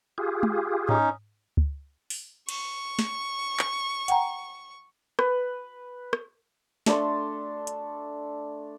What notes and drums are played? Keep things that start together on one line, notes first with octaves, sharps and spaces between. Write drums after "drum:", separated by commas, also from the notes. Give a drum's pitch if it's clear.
F4 G4 G#4
drum: tom
C#4 D#4, drum: tom G#2
drum: kick C#2
drum: open hi-hat
C#6, drum: cymbal
drum: snare
drum: clap
F#5 G5 A#5, drum: hi-hat
B4, drum: rim click
drum: rim click
A3 D4 A4 C6, drum: snare
drum: hi-hat